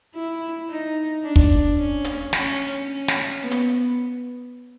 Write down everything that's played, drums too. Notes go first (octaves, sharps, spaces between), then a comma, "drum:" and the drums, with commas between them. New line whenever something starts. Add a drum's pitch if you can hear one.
E4
D#4
D4
drum: kick
C#4
drum: hi-hat
C#4, drum: snare
C#4
drum: snare
B3
drum: hi-hat